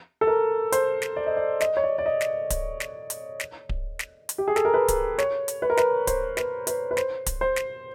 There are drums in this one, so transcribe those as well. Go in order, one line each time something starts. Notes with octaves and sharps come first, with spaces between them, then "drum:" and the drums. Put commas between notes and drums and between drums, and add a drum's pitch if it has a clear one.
A4
A#4
C5, drum: hi-hat
drum: snare
D5
D#5
D5
D#5, drum: snare
C#5
D5
D5
D#5
drum: snare
drum: kick D1, hi-hat
drum: snare
drum: hi-hat
drum: snare
drum: kick D1
drum: snare
drum: hi-hat
G4
G#4
A4, drum: snare
A#4
B4
drum: kick D1, hi-hat
C#5, drum: snare
drum: hi-hat
B4
A#4
B4, drum: snare
C5, drum: kick D1, hi-hat
B4, drum: snare
B4, drum: hi-hat
B4
C5, drum: snare
drum: kick D1, hi-hat
C5
drum: snare